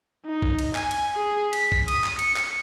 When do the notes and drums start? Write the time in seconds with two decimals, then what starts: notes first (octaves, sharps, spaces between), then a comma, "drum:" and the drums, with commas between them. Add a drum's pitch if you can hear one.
0.26 D#4
0.42 drum: kick
0.59 drum: cymbal
0.75 G#5, drum: clap
0.91 drum: cymbal
1.15 G#4
1.53 B6, drum: cymbal
1.72 drum: kick
1.88 D#6, drum: cymbal
2.04 drum: clap
2.19 C#7, drum: cymbal
2.37 drum: clap